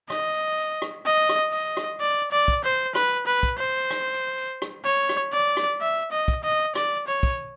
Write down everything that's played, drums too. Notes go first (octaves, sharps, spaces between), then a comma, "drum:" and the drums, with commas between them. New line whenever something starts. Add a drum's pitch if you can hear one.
D#5, drum: rim click
drum: tambourine
drum: tambourine
drum: rim click
D#5, drum: tambourine
drum: rim click
D#5, drum: tambourine
drum: rim click
D5, drum: tambourine
D5
drum: kick, tambourine
C5
B4, drum: rim click
B4
drum: kick, tambourine
C5
drum: rim click
drum: tambourine
drum: tambourine
drum: rim click
C#5, drum: tambourine
drum: rim click
D5, drum: tambourine
drum: rim click
E5
D#5
drum: kick, tambourine
D#5
D5, drum: rim click
C#5
drum: kick, tambourine